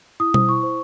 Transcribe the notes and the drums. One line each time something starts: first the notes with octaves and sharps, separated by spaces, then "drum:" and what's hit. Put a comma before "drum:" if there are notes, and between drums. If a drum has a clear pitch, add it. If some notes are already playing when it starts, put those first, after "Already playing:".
E4 D#6
C5 D#6, drum: tom
E4 C#6
C5